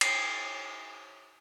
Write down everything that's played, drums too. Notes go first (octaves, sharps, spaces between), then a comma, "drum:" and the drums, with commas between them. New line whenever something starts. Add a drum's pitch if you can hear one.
C7, drum: cymbal